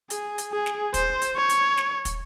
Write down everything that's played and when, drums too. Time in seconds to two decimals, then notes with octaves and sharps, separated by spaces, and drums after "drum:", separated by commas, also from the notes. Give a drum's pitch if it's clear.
0.10 G#4, drum: hi-hat
0.38 drum: hi-hat
0.52 G#4
0.66 drum: snare
0.94 C5, drum: kick, hi-hat
1.22 drum: hi-hat
1.36 C#5
1.50 drum: hi-hat
1.77 drum: snare
2.05 drum: kick, hi-hat